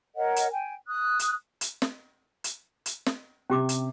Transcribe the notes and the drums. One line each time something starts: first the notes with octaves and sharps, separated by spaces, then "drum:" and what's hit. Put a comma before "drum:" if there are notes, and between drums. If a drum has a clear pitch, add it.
A#4 C#5 D#5 F#5
drum: hi-hat
G5 G#5
D#6 F#6
drum: hi-hat
drum: hi-hat
drum: snare
drum: hi-hat
drum: hi-hat
drum: snare
C3 C#4 G4 D6
drum: hi-hat